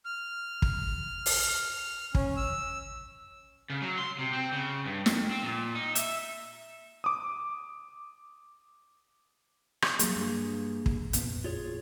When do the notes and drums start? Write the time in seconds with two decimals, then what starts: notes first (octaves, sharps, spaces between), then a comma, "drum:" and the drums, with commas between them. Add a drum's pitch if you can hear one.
0.05 F6
0.62 drum: kick
1.26 drum: open hi-hat
2.15 C#4, drum: kick
2.37 E6
3.70 C#3
3.82 F#3
3.98 C6
4.19 C3
4.33 C4
4.52 C#3
4.86 G2
5.06 F2, drum: snare
5.31 C4
5.43 A#2
5.75 D#4
5.95 E5, drum: hi-hat
7.04 D6 D#6
9.82 drum: rim click
9.99 F#3 G3 A#3 G#4, drum: hi-hat
10.16 G2
10.86 drum: kick
11.13 F2 A#2 B3, drum: hi-hat
11.44 F4 G#4 C#5